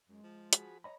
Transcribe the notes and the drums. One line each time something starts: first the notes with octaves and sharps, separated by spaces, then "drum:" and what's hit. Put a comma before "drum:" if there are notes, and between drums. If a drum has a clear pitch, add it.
F#2 G#3
F3
F#4 G#4 B5, drum: hi-hat
C#5 D#5 A#5 B5